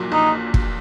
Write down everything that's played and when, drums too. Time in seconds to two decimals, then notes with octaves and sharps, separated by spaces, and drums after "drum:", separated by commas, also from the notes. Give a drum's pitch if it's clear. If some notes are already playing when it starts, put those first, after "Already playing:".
Already playing: A#1 A#2 F#3
0.12 A#1 D#4
0.54 drum: kick